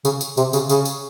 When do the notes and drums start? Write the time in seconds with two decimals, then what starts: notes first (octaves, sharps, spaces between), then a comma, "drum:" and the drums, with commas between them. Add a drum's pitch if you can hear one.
0.05 C#3, drum: tambourine
0.21 drum: tambourine
0.37 C3, drum: tambourine
0.53 C#3, drum: tambourine
0.69 C#3, drum: tambourine
0.85 drum: tambourine